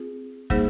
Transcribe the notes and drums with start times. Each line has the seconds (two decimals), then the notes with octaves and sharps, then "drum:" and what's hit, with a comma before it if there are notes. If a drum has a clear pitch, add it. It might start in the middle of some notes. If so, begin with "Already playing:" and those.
Already playing: C4 F4 G#4
0.50 G3 A#3 D#4 G#4 C5, drum: kick